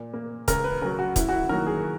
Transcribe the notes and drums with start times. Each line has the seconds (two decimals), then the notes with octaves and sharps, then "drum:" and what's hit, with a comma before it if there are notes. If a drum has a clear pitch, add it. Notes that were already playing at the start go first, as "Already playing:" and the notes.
Already playing: A#2
0.13 A#3
0.48 C#2 A#4, drum: kick, hi-hat
0.64 B4
0.81 C#3 F#3 A#4
0.99 F#4
1.16 F#2 E4, drum: kick, hi-hat
1.29 F#4
1.33 E4
1.49 D#3 F#3 A#3 A#4
1.66 G#4